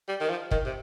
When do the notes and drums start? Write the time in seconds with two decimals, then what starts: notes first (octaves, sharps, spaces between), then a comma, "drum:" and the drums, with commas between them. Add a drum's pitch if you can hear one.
0.08 G3
0.21 D#3
0.30 F3
0.51 D#3, drum: kick
0.65 C3